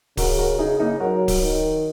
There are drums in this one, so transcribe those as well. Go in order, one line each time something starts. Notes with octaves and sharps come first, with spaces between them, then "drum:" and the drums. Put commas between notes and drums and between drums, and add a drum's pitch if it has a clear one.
C#3 F#4 A#4, drum: kick D1, open hi-hat
F#4 A#4
C#3 D#4 G#4
A#3 D#4
F#3 F#4 A#4
drum: kick D1, open hi-hat
D#3